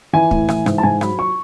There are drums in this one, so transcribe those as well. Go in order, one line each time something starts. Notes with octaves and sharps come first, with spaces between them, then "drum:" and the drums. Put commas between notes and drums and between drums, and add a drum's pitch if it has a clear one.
E3 G#5
A2, drum: kick
E3, drum: rim click
G#2, drum: rim click
A5
G#2 G#5
F#3 B5, drum: rim click
C#6